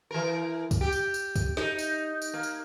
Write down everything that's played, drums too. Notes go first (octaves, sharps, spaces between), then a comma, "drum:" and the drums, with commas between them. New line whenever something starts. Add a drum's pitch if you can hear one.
E3 A#4
drum: kick, tambourine
G4
drum: tambourine
drum: tambourine
drum: kick, tambourine
D#4, drum: snare
drum: tambourine
drum: tambourine
A#3
drum: tambourine